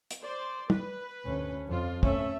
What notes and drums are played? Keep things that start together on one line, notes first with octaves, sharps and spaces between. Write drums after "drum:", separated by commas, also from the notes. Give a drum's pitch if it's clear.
drum: hi-hat
C5 D5
B4, drum: tom
D2 C#4
F2 F4
A3 C#4 E5, drum: kick